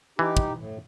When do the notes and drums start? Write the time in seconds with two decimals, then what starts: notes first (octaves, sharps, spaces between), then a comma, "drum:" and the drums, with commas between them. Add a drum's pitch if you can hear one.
0.19 E3 D#4 G4
0.37 drum: kick
0.57 A2